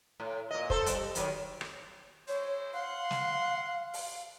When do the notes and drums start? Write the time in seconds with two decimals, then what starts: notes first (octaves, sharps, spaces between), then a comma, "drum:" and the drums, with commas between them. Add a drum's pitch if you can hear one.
0.20 A2
0.51 A#2 D#5
0.70 A4 C5, drum: kick
0.86 G3, drum: hi-hat
1.15 D#3 F#3, drum: hi-hat
1.61 drum: rim click
2.28 G#3 E4 C5 C#5
2.73 F5 F#5 C6
3.11 drum: snare
3.94 drum: open hi-hat